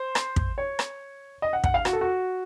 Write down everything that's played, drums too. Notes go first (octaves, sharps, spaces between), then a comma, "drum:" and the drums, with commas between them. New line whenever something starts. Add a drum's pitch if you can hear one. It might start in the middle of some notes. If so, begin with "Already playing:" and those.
Already playing: C5
drum: rim click
drum: kick
C#5
drum: rim click
D#5
F#5
F#5, drum: kick
F5
F#4, drum: rim click
A4
F#4